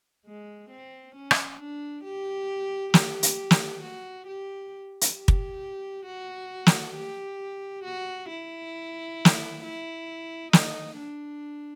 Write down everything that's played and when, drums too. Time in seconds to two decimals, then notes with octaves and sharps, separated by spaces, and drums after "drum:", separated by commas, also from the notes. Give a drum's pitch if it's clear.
0.26 G#3
0.71 C4
1.16 C#4
1.31 drum: rim click
1.60 D4
2.05 G4
2.94 G4, drum: snare
3.23 drum: hi-hat
3.51 drum: snare
3.83 F#4
4.28 G4
5.01 drum: hi-hat
5.17 G4
5.28 drum: kick
6.06 F#4
6.67 drum: snare
6.96 G4
7.85 F#4
8.29 E4
9.25 drum: snare
9.64 E4
10.53 D#4, drum: snare
10.97 D4